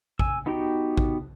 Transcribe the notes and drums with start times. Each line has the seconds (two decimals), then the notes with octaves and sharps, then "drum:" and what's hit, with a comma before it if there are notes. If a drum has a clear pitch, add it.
0.19 G#5 E6, drum: kick A1
0.46 B3 D#4 F#4 G4 G5
0.97 drum: kick A1